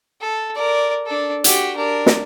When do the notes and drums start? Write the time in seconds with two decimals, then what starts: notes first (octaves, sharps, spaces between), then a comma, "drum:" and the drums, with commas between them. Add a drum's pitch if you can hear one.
0.21 A4
0.55 A#4 D5
1.06 D4 A4
1.44 F#4 G4, drum: hi-hat
1.76 D4 A#4
2.06 drum: snare